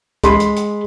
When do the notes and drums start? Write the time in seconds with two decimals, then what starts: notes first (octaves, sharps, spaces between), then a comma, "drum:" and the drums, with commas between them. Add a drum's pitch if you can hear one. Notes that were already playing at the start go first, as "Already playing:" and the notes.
0.24 G#3 B5 C6, drum: kick, hi-hat
0.40 drum: hi-hat
0.57 drum: hi-hat